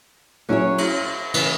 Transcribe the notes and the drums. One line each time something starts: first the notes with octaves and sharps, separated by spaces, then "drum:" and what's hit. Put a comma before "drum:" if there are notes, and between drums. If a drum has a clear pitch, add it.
F#3 C#4 E4 G#4 C#5
drum: cymbal
C#3 E3, drum: cymbal